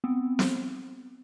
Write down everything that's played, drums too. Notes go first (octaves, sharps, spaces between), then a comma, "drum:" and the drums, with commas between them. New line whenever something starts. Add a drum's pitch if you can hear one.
B3 C4
drum: snare